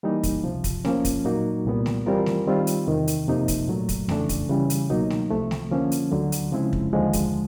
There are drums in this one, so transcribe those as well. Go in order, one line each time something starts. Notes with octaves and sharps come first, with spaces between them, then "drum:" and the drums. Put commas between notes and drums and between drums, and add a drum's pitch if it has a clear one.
E3 G3 A#3 D#4
drum: kick, hi-hat
C#2 C3 F3
drum: kick, hi-hat
F3 A#3 C#4, drum: snare
drum: kick, hi-hat
A#2 F#3 A#3 D#4 F#4
C2 A#2 G3 B3
drum: snare
E3 G3 C4 F4 A#4
drum: snare
D#3 G3 C4 F4
drum: hi-hat
E2 C3 D#3
drum: hi-hat
F2 C3 F3 A#3 D#4
drum: kick, hi-hat
A#2 F#3 A3
drum: kick, hi-hat
F2 C#3 E3 A3 D4, drum: snare
drum: kick, hi-hat
C#3 E3 G3
drum: hi-hat
C#2 B2 F#3 A#3 D#4
drum: snare
C2 C3 F3 A3
drum: snare
D3 F3 A#3 C#4
drum: hi-hat
D2 D3 F#3
drum: hi-hat
C#3 F3 G#3 C4 E4
drum: kick
D#2 D3 F3 G#3
drum: kick, hi-hat